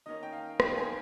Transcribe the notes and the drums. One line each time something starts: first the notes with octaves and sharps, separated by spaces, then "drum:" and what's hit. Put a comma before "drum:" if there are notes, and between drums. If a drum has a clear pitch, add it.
D#3 A#3 C#4 D#5
G5
F5
D#3 A#3 C#4 G5, drum: rim click
G#5